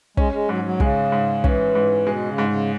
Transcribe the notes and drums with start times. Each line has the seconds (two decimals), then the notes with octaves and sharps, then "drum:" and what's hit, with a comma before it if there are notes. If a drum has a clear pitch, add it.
0.17 G#3 C#4, drum: kick
0.32 G#3
0.49 G#2 F#3
0.64 F#3
0.80 C#3 G#3, drum: kick
1.12 G#2
1.44 E3 C#4, drum: kick
1.75 G#2
2.07 B2 G#3
2.27 C#3
2.38 G#2
2.49 C#3